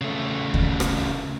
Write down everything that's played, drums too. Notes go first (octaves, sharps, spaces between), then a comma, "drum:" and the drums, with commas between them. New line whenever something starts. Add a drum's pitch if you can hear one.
C#3 A3
drum: kick D2
drum: rim click